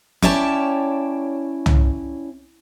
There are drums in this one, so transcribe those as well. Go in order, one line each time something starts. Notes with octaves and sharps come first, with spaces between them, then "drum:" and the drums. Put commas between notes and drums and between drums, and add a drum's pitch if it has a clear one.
C#4 E4 C#5 D5 G5 A5, drum: snare
drum: tom